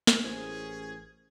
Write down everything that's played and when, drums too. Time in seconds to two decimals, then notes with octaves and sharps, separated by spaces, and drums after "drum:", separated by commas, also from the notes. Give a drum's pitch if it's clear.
0.07 drum: snare
0.24 A1 C#4 E4 G#4 A#4 C5 G#6